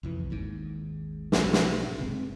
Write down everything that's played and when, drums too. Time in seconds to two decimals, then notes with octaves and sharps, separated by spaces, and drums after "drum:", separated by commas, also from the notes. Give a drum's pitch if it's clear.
0.03 C2 F2 E3
0.30 G#1 D#2 G#2
1.32 B1 G#2, drum: snare
1.53 drum: snare
1.99 F#1 C3 G#3 C4